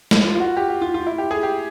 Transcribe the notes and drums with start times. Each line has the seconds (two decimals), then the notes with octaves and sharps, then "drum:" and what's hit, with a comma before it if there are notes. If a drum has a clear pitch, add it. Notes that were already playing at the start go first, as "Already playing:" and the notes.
0.11 drum: snare
0.24 F4
0.35 F4
0.40 F#4
0.56 G4
0.69 G4
0.81 F4
0.94 F4
1.07 E4
1.18 G4
1.31 G#4
1.43 G4